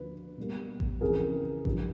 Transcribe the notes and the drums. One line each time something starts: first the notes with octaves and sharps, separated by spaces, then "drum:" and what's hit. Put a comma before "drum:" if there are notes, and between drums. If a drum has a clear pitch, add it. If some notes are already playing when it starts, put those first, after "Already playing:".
Already playing: D2 D3 F3 A#3 B4
B2 G3 A#3
drum: kick A1
F2 C#3 E3 G#4 A#4
G2 D3 F3, drum: kick A1